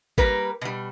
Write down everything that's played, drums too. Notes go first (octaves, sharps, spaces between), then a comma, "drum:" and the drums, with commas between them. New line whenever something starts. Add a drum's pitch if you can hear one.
G3 A#3 A#4 B4, drum: kick G#1
B2 G3